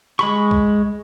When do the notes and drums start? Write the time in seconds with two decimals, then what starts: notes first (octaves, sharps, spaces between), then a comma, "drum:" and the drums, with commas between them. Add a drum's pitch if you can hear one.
0.19 G#3 B5 C#6, drum: rim click
0.51 drum: kick B1